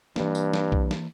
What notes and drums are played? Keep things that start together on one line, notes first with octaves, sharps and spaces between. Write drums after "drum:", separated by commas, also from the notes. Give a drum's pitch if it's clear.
G2 E3 A#3, drum: snare
drum: tambourine
drum: snare
drum: kick B1
drum: snare